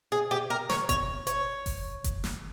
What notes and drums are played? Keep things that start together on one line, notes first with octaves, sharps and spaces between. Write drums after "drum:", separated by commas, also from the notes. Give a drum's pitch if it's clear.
G#4
G4
A#4
C#5, drum: snare
C#5, drum: kick F#1, hi-hat
C#5, drum: hi-hat
drum: kick F#1, open hi-hat
drum: kick F#1, hi-hat
drum: snare